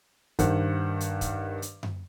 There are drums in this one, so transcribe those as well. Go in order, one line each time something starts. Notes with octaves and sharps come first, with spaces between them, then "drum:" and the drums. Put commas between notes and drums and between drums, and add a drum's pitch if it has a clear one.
G2 D#3 C5 F#5, drum: kick, hi-hat
drum: hi-hat
drum: kick, hi-hat
drum: hi-hat
drum: tom F#2